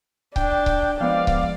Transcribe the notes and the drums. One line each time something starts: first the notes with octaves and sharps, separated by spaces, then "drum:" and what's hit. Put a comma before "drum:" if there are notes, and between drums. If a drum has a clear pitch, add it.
D4 G5, drum: kick C#1
drum: kick C#1
F3 G#3 B3 D5 F5
drum: kick C#1